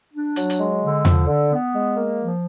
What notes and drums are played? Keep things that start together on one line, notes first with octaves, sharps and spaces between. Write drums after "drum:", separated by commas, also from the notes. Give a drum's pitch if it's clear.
D4
F#3, drum: hi-hat
drum: hi-hat
G#3
D3
F3, drum: tom E2
D3
B3
G#3
A#3
F3